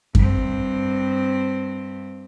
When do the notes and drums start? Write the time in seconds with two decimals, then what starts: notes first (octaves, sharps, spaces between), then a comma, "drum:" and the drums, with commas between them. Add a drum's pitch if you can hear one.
0.15 G2 C4, drum: kick F#2